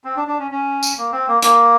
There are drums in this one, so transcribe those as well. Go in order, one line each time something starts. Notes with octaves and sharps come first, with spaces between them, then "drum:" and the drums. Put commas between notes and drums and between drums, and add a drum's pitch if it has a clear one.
C4
D4
D4
C#4
C#4
drum: tambourine
A#3
C4
A#3
A#3, drum: hi-hat